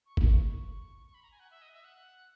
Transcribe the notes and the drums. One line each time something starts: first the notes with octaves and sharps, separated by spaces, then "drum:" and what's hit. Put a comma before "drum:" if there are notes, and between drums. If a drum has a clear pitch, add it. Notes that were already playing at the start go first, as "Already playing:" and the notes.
C#6
B5, drum: kick G#1
C#6
C#6
B5
A#5
G#5
F#5
E5
D#5
E5
F#5